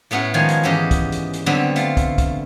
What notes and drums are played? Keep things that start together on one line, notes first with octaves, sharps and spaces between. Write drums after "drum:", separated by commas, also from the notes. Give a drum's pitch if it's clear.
A2 A3 B3 C#4 F#4
D#3 F3 G#3 F4 C#5 G#5
drum: hi-hat
E2 G#2 C#4 G4 D#5
drum: kick, hi-hat
drum: hi-hat
drum: hi-hat
D3 F#3 G3 B3 C4
A3 F4, drum: hi-hat
drum: kick, hi-hat
drum: kick, hi-hat